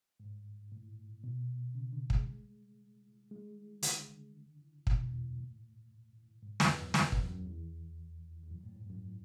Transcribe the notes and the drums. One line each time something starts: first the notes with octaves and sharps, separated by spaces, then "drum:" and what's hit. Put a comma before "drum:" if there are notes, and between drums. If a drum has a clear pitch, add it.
G#2
A2
B2
C#3
D3
G#3, drum: kick
G#3
D3, drum: hi-hat
B2, drum: kick
E2
F#2
A2
G#2
E2, drum: snare
F#2
F#2, drum: snare
E2, drum: kick
F#2
E2
E2
F#2
A2
G#2
F#2